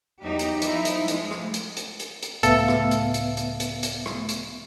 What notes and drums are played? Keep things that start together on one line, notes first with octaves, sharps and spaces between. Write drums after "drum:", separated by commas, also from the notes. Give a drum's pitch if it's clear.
E2 F#3 D#4 G4
drum: hi-hat
F3 D#4 E4, drum: hi-hat
drum: hi-hat
F3 G#3, drum: hi-hat
drum: rim click
drum: hi-hat
drum: hi-hat
drum: hi-hat
drum: hi-hat
C#2 A2 B3 A4 E5 F5, drum: hi-hat
drum: rim click
drum: hi-hat
drum: hi-hat
drum: hi-hat
drum: hi-hat
drum: hi-hat
drum: rim click
drum: hi-hat